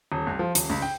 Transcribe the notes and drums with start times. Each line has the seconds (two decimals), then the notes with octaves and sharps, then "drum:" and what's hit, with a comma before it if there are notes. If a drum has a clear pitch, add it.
0.12 D#1
0.27 C2
0.39 F3
0.55 D#1, drum: hi-hat
0.70 C#2
0.82 G5